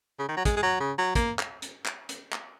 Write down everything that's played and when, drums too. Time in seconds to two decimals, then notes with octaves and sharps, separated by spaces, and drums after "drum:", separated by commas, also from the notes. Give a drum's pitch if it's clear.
0.19 C#3
0.28 D#3
0.37 F#3
0.45 G#3, drum: kick, hi-hat
0.56 G#3
0.63 F#3
0.80 C#3
0.98 F#3
1.15 A#3, drum: kick, hi-hat
1.39 drum: clap
1.62 drum: hi-hat
1.86 drum: clap
2.09 drum: hi-hat
2.32 drum: clap